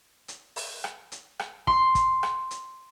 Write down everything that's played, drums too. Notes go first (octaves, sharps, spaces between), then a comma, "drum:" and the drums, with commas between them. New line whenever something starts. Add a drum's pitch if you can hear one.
drum: hi-hat
drum: open hi-hat
drum: rim click
drum: hi-hat
drum: rim click
C6, drum: kick
drum: kick, hi-hat
drum: rim click
drum: hi-hat